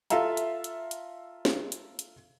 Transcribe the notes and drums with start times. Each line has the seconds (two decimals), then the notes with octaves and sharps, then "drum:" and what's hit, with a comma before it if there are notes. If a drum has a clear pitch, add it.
0.10 F4 A4 E5 F5 A#5, drum: hi-hat
0.37 drum: hi-hat
0.64 drum: hi-hat
0.91 drum: hi-hat
1.45 drum: snare
1.72 drum: hi-hat
1.99 drum: hi-hat